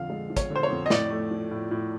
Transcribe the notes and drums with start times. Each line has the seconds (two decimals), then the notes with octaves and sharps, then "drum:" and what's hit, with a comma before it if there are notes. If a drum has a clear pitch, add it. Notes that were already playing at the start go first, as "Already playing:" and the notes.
Already playing: F2 D3 F3 F5
0.10 G#3
0.30 F3
0.37 C#5, drum: kick, hi-hat
0.50 D3
0.56 C5
0.63 C#5
0.70 F2
0.86 D#5
0.90 A2 D5, drum: snare
1.10 A3
1.31 F3
1.51 A2
1.71 A2